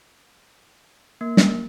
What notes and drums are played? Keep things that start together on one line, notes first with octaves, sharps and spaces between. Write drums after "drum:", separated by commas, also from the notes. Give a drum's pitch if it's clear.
A#3
drum: snare